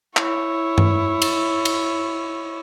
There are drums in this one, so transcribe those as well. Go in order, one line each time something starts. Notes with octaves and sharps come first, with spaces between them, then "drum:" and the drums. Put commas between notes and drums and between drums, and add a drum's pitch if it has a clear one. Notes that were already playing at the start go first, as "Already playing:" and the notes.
E4 C#5, drum: clap
drum: tom G2
drum: cymbal
drum: cymbal